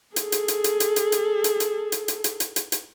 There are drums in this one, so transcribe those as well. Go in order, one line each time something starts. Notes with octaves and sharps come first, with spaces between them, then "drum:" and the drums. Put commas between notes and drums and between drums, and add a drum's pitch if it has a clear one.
G#4 A4, drum: hi-hat
drum: hi-hat
drum: hi-hat
drum: hi-hat
drum: hi-hat
drum: hi-hat
drum: hi-hat
drum: hi-hat
drum: hi-hat
drum: hi-hat
drum: hi-hat
drum: hi-hat
drum: hi-hat
drum: hi-hat
drum: hi-hat